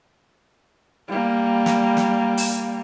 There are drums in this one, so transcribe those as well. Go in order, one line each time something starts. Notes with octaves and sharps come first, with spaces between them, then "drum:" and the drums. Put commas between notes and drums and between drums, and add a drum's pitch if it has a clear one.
G3 A#3
drum: snare
drum: snare
drum: open hi-hat